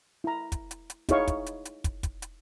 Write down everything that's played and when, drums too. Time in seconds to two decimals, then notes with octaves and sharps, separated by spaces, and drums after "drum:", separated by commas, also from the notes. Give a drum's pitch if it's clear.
0.24 E4 A#5
0.52 drum: kick, hi-hat
0.71 drum: hi-hat
0.90 drum: hi-hat
1.09 D#4 E4 G#4 C#5 F5 C#6, drum: kick, hi-hat
1.28 drum: kick, hi-hat
1.46 drum: hi-hat
1.65 drum: hi-hat
1.84 drum: kick, hi-hat
2.03 drum: kick, hi-hat
2.22 drum: hi-hat